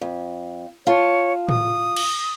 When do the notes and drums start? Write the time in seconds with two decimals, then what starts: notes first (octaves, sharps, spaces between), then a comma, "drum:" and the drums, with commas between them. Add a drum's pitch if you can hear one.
0.01 F2
0.87 F4 C#5 A5
1.49 D#6, drum: tom A2
1.96 drum: cymbal